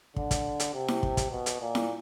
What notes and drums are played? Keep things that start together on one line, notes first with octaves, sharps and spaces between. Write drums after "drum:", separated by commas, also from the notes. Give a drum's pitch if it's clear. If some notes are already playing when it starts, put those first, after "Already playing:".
D3, drum: kick
drum: kick, hi-hat
drum: hi-hat
C3
drum: snare E4
drum: kick
drum: kick, hi-hat
B2
drum: hi-hat
A#2
drum: snare E4